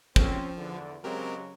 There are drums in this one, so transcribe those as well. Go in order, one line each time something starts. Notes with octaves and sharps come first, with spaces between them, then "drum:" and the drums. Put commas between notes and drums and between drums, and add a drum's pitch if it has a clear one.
F3 C4 C#4, drum: kick
E2 D3
C#3 F#3 G#3 C4 G4 A#4